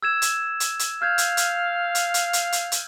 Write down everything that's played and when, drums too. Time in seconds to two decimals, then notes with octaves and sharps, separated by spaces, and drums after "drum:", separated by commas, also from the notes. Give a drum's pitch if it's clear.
0.03 E6 G#6 E7
0.22 drum: hi-hat
0.60 drum: hi-hat
0.79 drum: hi-hat
1.02 F5 F6 G6 G#6
1.18 drum: hi-hat
1.37 drum: hi-hat
1.95 drum: hi-hat
2.14 drum: hi-hat
2.33 drum: hi-hat
2.52 drum: hi-hat
2.72 drum: hi-hat